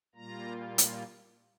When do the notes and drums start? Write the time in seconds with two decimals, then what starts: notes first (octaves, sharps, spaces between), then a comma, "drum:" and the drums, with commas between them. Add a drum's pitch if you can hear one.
0.15 A#2 G3 A#3 F4 A#5
0.78 drum: hi-hat